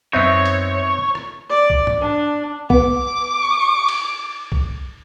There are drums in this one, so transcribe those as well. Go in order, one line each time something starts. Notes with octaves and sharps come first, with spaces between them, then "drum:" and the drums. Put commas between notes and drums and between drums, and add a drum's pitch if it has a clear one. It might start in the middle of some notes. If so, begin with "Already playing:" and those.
F#2 B3 C4 D#4 C#5 E5 C6
drum: hi-hat
drum: rim click
D5
drum: kick B1
drum: tom
D4
B3 D6, drum: kick B1
drum: cymbal
drum: kick B1